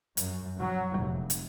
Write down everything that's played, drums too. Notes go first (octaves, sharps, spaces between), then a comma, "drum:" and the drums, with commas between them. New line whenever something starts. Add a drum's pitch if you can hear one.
F#2, drum: hi-hat
F#3
F1
drum: hi-hat